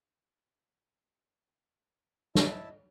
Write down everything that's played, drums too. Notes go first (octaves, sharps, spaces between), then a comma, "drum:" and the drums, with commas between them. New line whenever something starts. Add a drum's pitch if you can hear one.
E4 D#5 A5, drum: snare